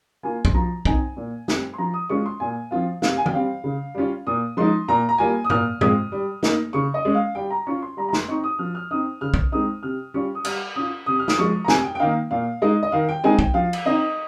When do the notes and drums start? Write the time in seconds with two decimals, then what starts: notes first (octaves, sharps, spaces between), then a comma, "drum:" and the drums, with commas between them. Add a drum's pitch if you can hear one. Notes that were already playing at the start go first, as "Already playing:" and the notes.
0.23 A#3 F4 G#5
0.45 C6, drum: kick B1
0.54 F3 A#5
0.85 C4 D#4 G#5, drum: kick B1
1.17 A#2
1.48 G3 C4, drum: snare
1.74 C6
1.78 F3 A#5
1.94 D#6
2.09 G#3 C#4 F4 C#6
2.26 C6
2.40 A#2 G#5
2.71 F3 C4 F4 F5
3.02 C3 F5, drum: snare
3.17 G#5
3.26 G5, drum: tom E3
3.33 G3 C4 F5
3.64 C#3
3.95 G3 C#4 F4
4.27 A#2 D#6
4.57 F3 G#3 D#4 C6
4.88 A#2 A#5
5.09 A#5
5.18 G3 A#3 F4 G#5
5.44 D#6
5.50 A#2 F6, drum: tom G#2
5.81 G#3 C4 F4 D#6, drum: tom G#2
6.12 G3
6.43 A#3 D#4, drum: snare
6.73 C#3 C#6
6.94 D#5
7.05 G#3 C#4
7.15 F5
7.35 G3 G5
7.51 A#5
7.67 C#4 F4 C#6
7.82 C6
7.97 G3 A#5
8.09 A#5
8.13 C6, drum: snare
8.28 C4 D#4 C#6
8.44 D#6
8.59 F3 F6
8.75 F6
8.91 C4 D#4 D#6
9.21 C#3 F6
9.34 drum: kick B1
9.52 G#3 C4 D#4 D#6
9.83 C3 F6
10.14 G3 C#4 F4 C#6
10.35 D#6
10.45 G3 F6, drum: cymbal
10.75 C#4 F4 D#6
11.06 C3 D#6
11.19 F6
11.28 D#6, drum: snare
11.38 F3 G#3 C#6
11.65 A#5
11.68 C3 G#5, drum: snare
11.84 G5
11.95 G5
12.00 D#3 A#3 D#4 F5
12.31 A#2 F5
12.62 G#3 D#4 D#5
12.83 D#5
12.92 D#3 F5
13.09 G5
13.24 G#3 C4 D#4 G#5
13.39 G5, drum: kick B1
13.54 F3 F5
13.73 drum: cymbal
13.85 C4 D#4 D#5